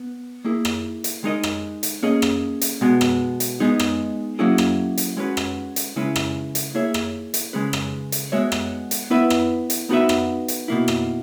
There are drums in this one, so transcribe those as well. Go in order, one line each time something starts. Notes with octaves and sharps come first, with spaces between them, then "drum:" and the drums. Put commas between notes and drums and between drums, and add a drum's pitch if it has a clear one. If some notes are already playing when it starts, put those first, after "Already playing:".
Already playing: B3
A#3 E4 G#4
drum: rim click
drum: hi-hat
G#3 D#4 A#4 D#5
drum: rim click
drum: hi-hat
A#3 C#4 G#4 D#5
drum: rim click
drum: hi-hat
B2 G#3 B3
drum: rim click
drum: hi-hat
G#3 B3 D#4 G#4
drum: rim click
F#3 A#3 C#4 E4 G#4
drum: rim click
drum: hi-hat
G#3 C#4 F#4 B4
drum: rim click
drum: hi-hat
C#3 G#3 C#4 E4 B4
drum: rim click
drum: hi-hat
A#3 E4 G#4 C#5 E5
drum: rim click
drum: hi-hat
C#3 G#3 C#4 G#4 B4
drum: rim click
drum: hi-hat
G#3 B3 F#4 C#5 E5
drum: rim click
drum: hi-hat
B3 E4 B4 E5
drum: rim click
drum: hi-hat
B3 D#4 F#4 B4 E5
drum: rim click
drum: hi-hat
B2 A#3 E4
drum: rim click